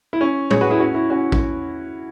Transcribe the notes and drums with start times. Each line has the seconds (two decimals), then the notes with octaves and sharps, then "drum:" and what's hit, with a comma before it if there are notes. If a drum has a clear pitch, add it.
0.13 E4
0.21 C#4
0.51 G#4 C#5, drum: tom
0.61 F#4 B4
0.70 E4 G#4
0.80 C#4 F#4
0.95 E4
1.10 C#4 F#4
1.32 drum: kick